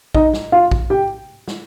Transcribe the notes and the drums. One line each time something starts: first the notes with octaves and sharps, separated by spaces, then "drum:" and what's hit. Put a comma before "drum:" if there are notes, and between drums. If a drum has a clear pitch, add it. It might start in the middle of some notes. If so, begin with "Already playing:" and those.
D#4 D#5, drum: kick A#1
drum: snare
F4 F5
drum: kick A#1
G4 G5
drum: snare